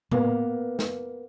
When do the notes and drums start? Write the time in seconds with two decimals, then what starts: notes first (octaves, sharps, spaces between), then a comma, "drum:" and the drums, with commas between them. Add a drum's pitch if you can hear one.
0.11 A#3 B3, drum: tom A2
0.79 drum: snare